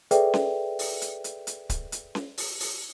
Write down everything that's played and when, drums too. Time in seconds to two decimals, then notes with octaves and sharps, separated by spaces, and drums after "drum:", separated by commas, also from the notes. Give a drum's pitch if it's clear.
0.11 G#4 A4 B4 D5 E5 G5, drum: hi-hat
0.34 drum: snare C#4
0.79 drum: open hi-hat
1.02 drum: hi-hat
1.24 drum: hi-hat
1.47 drum: hi-hat
1.70 drum: kick C#1, hi-hat
1.92 drum: hi-hat
2.15 drum: snare C#4
2.38 drum: open hi-hat
2.60 drum: open hi-hat